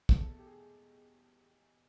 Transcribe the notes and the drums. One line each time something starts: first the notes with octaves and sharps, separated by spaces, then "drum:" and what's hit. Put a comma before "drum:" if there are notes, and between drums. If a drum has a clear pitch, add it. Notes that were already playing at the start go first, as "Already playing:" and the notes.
E2 B2 A4, drum: kick
A4
G4
G#4